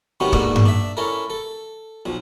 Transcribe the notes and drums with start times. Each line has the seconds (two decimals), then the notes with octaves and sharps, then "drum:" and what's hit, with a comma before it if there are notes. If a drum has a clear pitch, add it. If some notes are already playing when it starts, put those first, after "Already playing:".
0.20 C3 D#3 F#3 B3 C#4
0.33 G#2 B2 A3 A#3 D4, drum: kick
0.56 drum: tom G2
0.66 D4 E5
0.97 C#4 E4 A4 A#4
1.30 A4
2.06 B1 F3